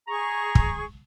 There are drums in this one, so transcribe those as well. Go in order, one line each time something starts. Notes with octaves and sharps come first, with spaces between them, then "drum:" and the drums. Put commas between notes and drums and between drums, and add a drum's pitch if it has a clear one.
G#4 A#5 C#6
drum: kick